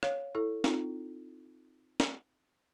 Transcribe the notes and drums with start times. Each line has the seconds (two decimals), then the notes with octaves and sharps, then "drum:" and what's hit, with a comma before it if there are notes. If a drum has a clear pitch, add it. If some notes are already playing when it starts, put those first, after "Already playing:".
0.03 C#5 F5, drum: rim click
0.35 E4 A4
0.64 C4 D#4 F4, drum: snare
2.00 drum: snare